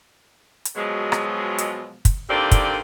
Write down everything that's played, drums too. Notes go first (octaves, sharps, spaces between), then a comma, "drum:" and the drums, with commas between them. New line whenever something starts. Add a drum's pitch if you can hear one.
drum: hi-hat
B2 F3 F#3 G#3
drum: rim click
drum: hi-hat
drum: kick, hi-hat
D3 D#3 A#3 C4 G4 D5
drum: kick, hi-hat